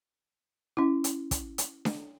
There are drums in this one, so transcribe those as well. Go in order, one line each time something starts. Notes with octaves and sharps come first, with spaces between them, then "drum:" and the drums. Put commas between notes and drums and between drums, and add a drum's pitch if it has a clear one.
C#4 E4
drum: hi-hat
drum: kick, hi-hat
drum: hi-hat
drum: snare D4